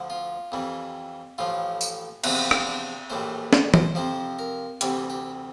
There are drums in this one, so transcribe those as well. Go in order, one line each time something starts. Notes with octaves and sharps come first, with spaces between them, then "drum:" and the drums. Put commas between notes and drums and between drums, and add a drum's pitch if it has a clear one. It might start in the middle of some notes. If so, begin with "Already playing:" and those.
Already playing: D2 D3 F3
F4
F2 E3 G3
A1 A2 F3 F4
drum: tambourine
E2 C3 F3 E4, drum: cymbal
drum: rim click
D4
A#1 A2 E3 G3 C5
D5, drum: snare
C5, drum: tom E3
F2 C3 F3 C5
A#4
D2 C3 E3 G3 G4, drum: hi-hat
G4